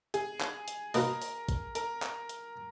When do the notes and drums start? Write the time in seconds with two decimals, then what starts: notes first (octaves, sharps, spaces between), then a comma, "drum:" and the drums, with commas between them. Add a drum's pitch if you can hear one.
0.14 G#4, drum: hi-hat
0.41 drum: clap
0.68 drum: hi-hat
0.94 A#2 A#3 D#4 F#4 A#4 B4, drum: open hi-hat
1.22 drum: open hi-hat
1.49 drum: kick A1, hi-hat
1.75 A#4, drum: hi-hat
2.02 drum: clap
2.29 drum: hi-hat